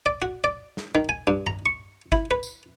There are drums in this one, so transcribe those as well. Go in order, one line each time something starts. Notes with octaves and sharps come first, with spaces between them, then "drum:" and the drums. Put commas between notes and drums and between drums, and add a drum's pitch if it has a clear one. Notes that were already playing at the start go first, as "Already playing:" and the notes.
D5
F#4
D5
drum: snare
D#3
G#5
G2
A#5, drum: tom G2
C#6
E4, drum: kick
B4
drum: tambourine